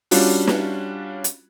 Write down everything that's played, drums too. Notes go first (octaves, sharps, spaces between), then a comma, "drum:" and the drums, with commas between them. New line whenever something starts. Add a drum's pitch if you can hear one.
G3 C#4 D4 F4 F#4, drum: open hi-hat
drum: snare
drum: hi-hat